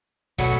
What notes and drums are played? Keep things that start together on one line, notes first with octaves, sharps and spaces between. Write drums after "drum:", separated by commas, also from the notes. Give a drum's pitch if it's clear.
B2 F#3 A3 F#4, drum: kick, hi-hat